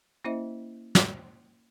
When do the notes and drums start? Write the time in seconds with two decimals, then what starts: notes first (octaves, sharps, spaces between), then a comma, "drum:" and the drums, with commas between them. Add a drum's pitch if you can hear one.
0.24 A#3 C#4 E4 C5 D#5 E5
0.95 drum: snare